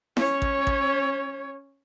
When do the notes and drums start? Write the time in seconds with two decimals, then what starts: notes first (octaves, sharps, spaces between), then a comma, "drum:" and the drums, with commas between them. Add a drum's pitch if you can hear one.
0.17 C#4 C#5, drum: snare E4
0.42 drum: kick A1
0.67 drum: kick A1